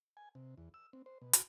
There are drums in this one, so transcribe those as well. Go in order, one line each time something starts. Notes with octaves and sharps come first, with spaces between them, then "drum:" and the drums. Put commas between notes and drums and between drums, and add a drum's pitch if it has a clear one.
G#5
C3
E2
E6
C4
C5
B2
F#4, drum: hi-hat